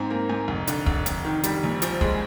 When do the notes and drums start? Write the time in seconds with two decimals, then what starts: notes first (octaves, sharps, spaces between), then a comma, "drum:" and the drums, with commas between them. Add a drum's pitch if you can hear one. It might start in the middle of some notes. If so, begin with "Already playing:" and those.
Already playing: G#2 C4
0.10 A#3
0.29 G#2
0.48 F1
0.67 D3, drum: hi-hat
0.86 F1, drum: kick
1.06 F1, drum: hi-hat
1.25 D#3
1.44 G3, drum: hi-hat
1.63 A#1
1.82 F3, drum: hi-hat
2.01 G#3, drum: kick